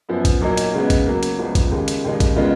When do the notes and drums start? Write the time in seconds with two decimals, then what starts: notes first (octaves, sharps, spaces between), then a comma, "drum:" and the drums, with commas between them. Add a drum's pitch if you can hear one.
0.09 F#2 F3 B3
0.25 drum: kick, hi-hat
0.41 A#2 F#3 A#3 D#4
0.57 drum: hi-hat
0.74 C#3 G#3 B3
0.90 drum: kick, hi-hat
1.06 C#3 F#3 A#3
1.23 drum: hi-hat
1.39 C#2 C#3 F3 B3
1.55 drum: kick, hi-hat
1.71 D#2 C#3 G#3 D#4
1.88 drum: hi-hat
2.05 D#2 C#3 G#3 D#4
2.20 drum: kick, hi-hat
2.36 C#3 G#3 B3 F4